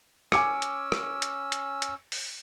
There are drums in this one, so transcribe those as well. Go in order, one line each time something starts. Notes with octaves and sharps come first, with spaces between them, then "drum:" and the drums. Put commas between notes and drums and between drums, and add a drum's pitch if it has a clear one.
C#4 G#5 D6 E6 C#7, drum: rim click
drum: hi-hat
drum: rim click
drum: hi-hat
drum: hi-hat
drum: hi-hat
drum: open hi-hat